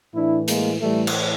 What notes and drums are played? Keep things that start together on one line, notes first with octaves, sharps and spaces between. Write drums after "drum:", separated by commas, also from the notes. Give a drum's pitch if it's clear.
A2 E3 D4 E4
G#3 A#3, drum: hi-hat
A2 E3 G3 A3
drum: cymbal